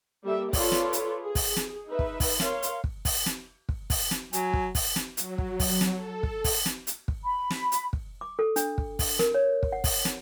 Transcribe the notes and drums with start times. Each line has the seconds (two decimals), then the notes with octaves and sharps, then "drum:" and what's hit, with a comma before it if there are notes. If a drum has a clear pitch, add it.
0.24 G3 A#3 G4 A4 E5
0.53 F4 A4 B4 C#5 D5, drum: kick, open hi-hat
0.72 drum: snare
0.93 drum: hi-hat
1.22 G#4
1.35 drum: kick, open hi-hat
1.56 drum: snare
1.87 D#4 B4 E5
1.99 drum: kick
2.20 drum: kick, open hi-hat
2.40 A#4 C#5 F5 C6, drum: snare
2.63 drum: hi-hat
2.84 drum: kick
3.05 drum: kick, open hi-hat
3.26 drum: snare
3.69 drum: kick
3.90 drum: kick, open hi-hat
4.11 drum: snare
4.33 F#3 G#5, drum: hi-hat
4.53 drum: kick
4.75 drum: kick, open hi-hat
4.96 drum: snare
5.17 F#3, drum: hi-hat
5.38 drum: kick
5.60 drum: kick, open hi-hat
5.81 drum: snare
5.94 A4
6.23 drum: kick
6.44 drum: kick, open hi-hat
6.66 drum: snare
6.87 drum: hi-hat
7.08 drum: kick
7.24 B5
7.50 drum: snare
7.72 drum: hi-hat
7.93 drum: kick
8.21 D6
8.39 A4
8.56 D4, drum: hi-hat
8.78 drum: kick
8.99 drum: kick, open hi-hat
9.19 A#4, drum: snare
9.34 C#5
9.63 drum: kick
9.72 F#5
9.84 drum: kick, open hi-hat
10.05 drum: snare